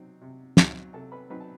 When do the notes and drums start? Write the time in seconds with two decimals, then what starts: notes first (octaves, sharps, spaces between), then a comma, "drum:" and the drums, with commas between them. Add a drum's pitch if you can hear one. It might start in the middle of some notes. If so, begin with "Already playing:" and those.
Already playing: C3 F#3 C4 D#4
0.22 C3
0.57 F#3 C4 D#4, drum: snare
0.93 C3 A4 A5
1.12 B4 B5
1.30 F#3 C4 D#4 B4 B5
1.40 A5